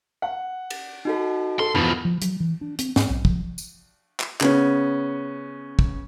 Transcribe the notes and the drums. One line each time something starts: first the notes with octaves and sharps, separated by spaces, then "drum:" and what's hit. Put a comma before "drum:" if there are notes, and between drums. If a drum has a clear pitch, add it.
F#5
drum: cymbal
D#4 F#4 A4
A4 C6
E2 B2 F3 B5
F3
F#3, drum: hi-hat
E3
D4
C4, drum: hi-hat
G#2, drum: snare
B1
F3, drum: kick
drum: tambourine
drum: clap
C#3 B3 C#4, drum: clap
drum: kick